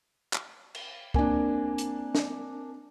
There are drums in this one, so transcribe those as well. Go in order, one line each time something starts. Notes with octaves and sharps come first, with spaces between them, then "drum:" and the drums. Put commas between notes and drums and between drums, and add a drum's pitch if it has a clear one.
drum: clap
drum: cymbal
A#3 C4 D4 G#5, drum: kick
drum: hi-hat
drum: snare